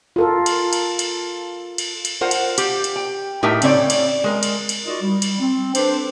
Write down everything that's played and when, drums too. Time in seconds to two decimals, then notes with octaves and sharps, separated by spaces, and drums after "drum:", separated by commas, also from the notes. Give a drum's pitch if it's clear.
0.16 F4 A4 A#4
0.46 drum: cymbal
0.73 drum: cymbal
0.99 drum: cymbal
1.78 drum: cymbal
2.05 drum: cymbal
2.21 F4 A#4 C5 F#5
2.31 drum: cymbal
2.58 G4, drum: cymbal
2.84 drum: cymbal
2.96 G5
3.43 A2 D#4 G4 A#4 E5 G5
3.62 C#3 C4 C#5 D5 G5, drum: cymbal
3.90 drum: cymbal
4.24 G#3 A#4
4.43 drum: cymbal
4.69 drum: cymbal
4.86 D#4 F4 F#4 A#4 D5 D#5
5.02 G3
5.22 drum: cymbal
5.40 C4
5.75 D4 A4 B4 C5, drum: cymbal